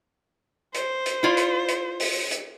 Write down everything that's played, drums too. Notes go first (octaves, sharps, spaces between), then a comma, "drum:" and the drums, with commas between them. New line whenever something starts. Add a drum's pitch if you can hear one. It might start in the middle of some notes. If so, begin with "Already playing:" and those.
C5, drum: hi-hat
drum: hi-hat
E4 F4 D5
drum: hi-hat
drum: hi-hat
drum: open hi-hat
drum: hi-hat